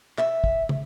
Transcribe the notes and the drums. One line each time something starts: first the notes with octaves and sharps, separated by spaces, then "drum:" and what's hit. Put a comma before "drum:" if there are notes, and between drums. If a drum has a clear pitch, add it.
E5, drum: clap
drum: kick
drum: tom